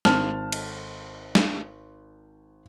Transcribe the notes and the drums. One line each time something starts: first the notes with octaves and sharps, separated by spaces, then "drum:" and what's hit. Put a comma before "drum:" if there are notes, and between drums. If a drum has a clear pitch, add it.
G#1 A5 F6, drum: snare
drum: cymbal
drum: snare